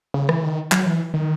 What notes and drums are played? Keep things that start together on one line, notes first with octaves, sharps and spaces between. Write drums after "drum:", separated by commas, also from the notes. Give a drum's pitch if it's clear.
C#3
E3, drum: rim click
D#3
F#3, drum: clap
E3
D#3